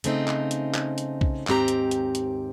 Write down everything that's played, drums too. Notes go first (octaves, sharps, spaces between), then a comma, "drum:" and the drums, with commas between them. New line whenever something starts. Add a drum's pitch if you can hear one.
C#3 A3 C4 D#4, drum: hi-hat
drum: clap
drum: hi-hat
drum: clap
drum: hi-hat
drum: kick B1
D#2 G#2 C4 G4 A#5, drum: clap
drum: hi-hat
drum: hi-hat
drum: hi-hat